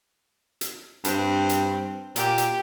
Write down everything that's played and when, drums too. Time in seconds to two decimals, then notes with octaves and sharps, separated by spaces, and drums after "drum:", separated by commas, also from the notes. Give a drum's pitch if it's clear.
0.61 drum: hi-hat
1.05 G2 C4, drum: hi-hat
1.49 drum: hi-hat
2.16 A#2 G4, drum: hi-hat
2.38 drum: hi-hat